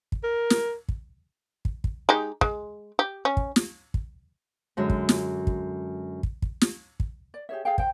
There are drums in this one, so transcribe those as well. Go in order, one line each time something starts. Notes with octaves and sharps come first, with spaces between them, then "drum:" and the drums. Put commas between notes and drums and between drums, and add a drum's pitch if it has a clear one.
drum: kick
A#4
drum: snare
drum: kick
drum: kick
drum: kick
G#3 D#4 G4
G#3, drum: kick
G4
C#4
drum: kick
drum: snare
drum: kick
F#2 D3 G#3
drum: kick
drum: snare
drum: kick
drum: kick
drum: kick
drum: snare
drum: kick
D5
G4 G#4 C#5 E5
G#4 A4 F5 G5
C5 G5, drum: kick